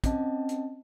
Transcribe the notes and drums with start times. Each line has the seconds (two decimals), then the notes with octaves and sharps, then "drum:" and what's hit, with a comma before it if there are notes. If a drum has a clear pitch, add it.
0.04 C4 C#4 D#5 A5, drum: kick, hi-hat
0.49 drum: hi-hat